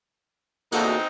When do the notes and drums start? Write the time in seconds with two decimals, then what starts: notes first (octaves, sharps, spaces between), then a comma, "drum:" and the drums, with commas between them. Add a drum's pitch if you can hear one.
0.72 E2 A#2 D3 A#3 C4 D#4 F#4 A4, drum: cymbal